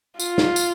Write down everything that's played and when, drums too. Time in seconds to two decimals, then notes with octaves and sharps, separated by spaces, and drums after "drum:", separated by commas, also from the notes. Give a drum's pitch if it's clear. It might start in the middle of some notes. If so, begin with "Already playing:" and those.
0.20 F4, drum: tambourine
0.38 drum: snare
0.56 drum: tambourine